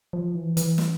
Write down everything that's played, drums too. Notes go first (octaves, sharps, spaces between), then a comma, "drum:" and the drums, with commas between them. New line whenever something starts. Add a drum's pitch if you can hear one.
F3
E3
E3, drum: hi-hat
drum: snare